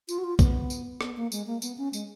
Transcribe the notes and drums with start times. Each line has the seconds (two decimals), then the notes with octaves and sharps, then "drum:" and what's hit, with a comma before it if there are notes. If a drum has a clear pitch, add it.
0.09 F4, drum: tambourine
0.18 F#4
0.24 F4
0.39 B3, drum: kick B1, tambourine
0.70 drum: tambourine
1.01 B3, drum: rim click
1.17 A#3
1.32 G#3, drum: tambourine
1.47 A#3
1.62 B3, drum: tambourine
1.78 C#4
1.93 G#3, drum: tambourine